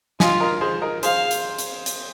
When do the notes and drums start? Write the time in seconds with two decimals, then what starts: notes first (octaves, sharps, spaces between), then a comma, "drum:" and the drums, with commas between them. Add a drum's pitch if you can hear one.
0.20 F4 D#5 G#5, drum: snare
0.40 A#4 D#5
0.61 G#4 C5
0.82 A#4 D#5
1.03 G#4 C5 F5, drum: hi-hat
1.31 drum: hi-hat
1.59 drum: hi-hat
1.86 drum: hi-hat